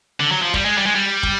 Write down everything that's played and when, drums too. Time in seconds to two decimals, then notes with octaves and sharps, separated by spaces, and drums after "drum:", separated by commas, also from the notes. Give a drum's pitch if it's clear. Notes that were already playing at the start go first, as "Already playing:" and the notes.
0.20 D3
0.31 F#3
0.42 F3
0.54 G3, drum: kick
0.65 G#3
0.78 G3
0.86 G#3
0.95 G3
1.23 drum: kick